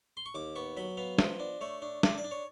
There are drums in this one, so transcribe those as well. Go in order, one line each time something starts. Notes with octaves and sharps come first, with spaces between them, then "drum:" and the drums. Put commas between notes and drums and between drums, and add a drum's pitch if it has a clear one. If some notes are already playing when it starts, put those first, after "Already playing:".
C6
C#6
D#2 D6
B3 C#6
F#3 B5
B3 F5
F3 D#5, drum: snare
D4
A3 C#5
D4
D4 D5, drum: snare
D5
D4
C#5